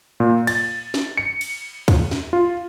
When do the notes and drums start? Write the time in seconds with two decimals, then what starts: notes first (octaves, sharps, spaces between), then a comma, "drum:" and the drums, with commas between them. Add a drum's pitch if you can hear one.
0.20 A#2
0.47 A6, drum: cymbal
0.94 drum: snare
1.17 C#7
1.41 drum: cymbal
1.88 drum: kick, cymbal
2.11 drum: snare
2.33 F4